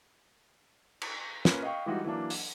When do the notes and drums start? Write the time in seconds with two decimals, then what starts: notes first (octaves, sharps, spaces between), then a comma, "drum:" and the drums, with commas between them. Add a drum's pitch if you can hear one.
1.02 drum: cymbal
1.45 A#3 C#4 F4 A#4 B4 C#5, drum: snare
1.63 D#5 F5 G5 C#6
1.86 E3 G3 G#3 D#4 F4 F#4
2.04 E3 F#3 A#3 D4
2.30 E7, drum: open hi-hat